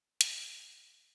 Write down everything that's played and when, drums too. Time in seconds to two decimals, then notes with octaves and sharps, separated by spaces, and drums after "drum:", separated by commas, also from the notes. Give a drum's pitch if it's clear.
0.21 E5, drum: hi-hat